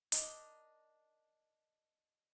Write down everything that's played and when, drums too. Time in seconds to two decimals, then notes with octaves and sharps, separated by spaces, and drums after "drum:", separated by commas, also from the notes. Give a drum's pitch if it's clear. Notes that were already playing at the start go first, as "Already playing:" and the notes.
0.12 D4 D#4 A#4, drum: hi-hat